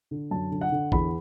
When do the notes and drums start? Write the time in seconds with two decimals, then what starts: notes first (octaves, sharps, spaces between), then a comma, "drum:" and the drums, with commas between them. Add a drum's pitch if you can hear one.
0.11 D3
0.31 F#2 A5
0.51 D3
0.61 F#5
0.72 D3
0.92 E2 B5, drum: kick G#1